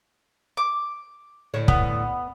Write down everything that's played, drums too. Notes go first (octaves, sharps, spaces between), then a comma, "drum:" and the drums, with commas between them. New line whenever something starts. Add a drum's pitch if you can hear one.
D6
A2 D3 C#5
B3, drum: kick